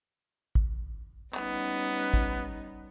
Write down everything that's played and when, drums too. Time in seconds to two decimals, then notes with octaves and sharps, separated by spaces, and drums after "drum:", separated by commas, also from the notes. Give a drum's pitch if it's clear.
0.55 drum: kick
1.34 G3 B3 C#4 D#4, drum: clap
2.14 drum: kick